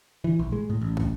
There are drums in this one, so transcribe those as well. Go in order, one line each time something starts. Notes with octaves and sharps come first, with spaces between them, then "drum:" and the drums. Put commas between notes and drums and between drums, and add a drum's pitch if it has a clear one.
E3
A#1
G#3
A2
A1
drum: kick